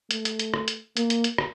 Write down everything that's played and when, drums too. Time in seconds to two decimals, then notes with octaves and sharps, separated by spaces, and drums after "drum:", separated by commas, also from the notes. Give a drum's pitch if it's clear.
0.11 A3, drum: hi-hat
0.25 drum: hi-hat
0.39 drum: hi-hat
0.54 drum: rim click
0.68 drum: hi-hat
0.97 A#3, drum: hi-hat
1.10 drum: hi-hat
1.24 drum: hi-hat
1.38 drum: rim click